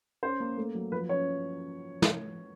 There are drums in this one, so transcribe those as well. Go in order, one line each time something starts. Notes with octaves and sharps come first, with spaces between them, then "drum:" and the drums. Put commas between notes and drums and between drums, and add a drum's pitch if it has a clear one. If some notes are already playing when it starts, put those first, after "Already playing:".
C#4 C5
A#3
A3
F#3
F3 B4
C#4 C#5
drum: snare